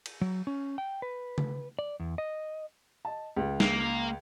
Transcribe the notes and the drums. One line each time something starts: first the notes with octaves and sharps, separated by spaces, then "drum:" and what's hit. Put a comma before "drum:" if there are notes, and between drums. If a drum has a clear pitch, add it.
drum: cymbal
F#3
C#4
G5
B4
drum: tom C#3
D5
E2
D#5
D#5 A5
C#2
A#3, drum: snare